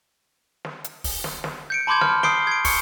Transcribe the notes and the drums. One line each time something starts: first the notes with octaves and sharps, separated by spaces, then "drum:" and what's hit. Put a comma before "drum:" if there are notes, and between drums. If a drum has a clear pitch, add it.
drum: snare
drum: hi-hat
drum: kick, open hi-hat
drum: snare
drum: snare
G6 C#7 D7
A5 B5 C6 D6 G6 G#6
F6, drum: snare
D#6 G6 C7 D7 G7, drum: snare
G#6 D7
C#6 C#7, drum: kick, open hi-hat